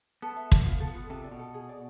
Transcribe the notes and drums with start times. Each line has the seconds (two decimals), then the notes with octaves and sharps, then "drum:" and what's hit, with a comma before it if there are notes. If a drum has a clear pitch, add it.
0.22 B3 A4
0.36 E5
0.52 A4, drum: kick
0.66 F4
0.80 A4
0.95 F4
1.10 C3 A4
1.24 D5
1.31 B2
1.39 A4
1.54 G#4
1.69 D5